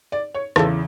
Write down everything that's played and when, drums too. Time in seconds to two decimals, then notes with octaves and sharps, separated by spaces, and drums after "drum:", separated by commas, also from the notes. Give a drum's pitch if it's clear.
0.12 D5
0.34 C#5
0.56 E2 C#3 E3 A4, drum: rim click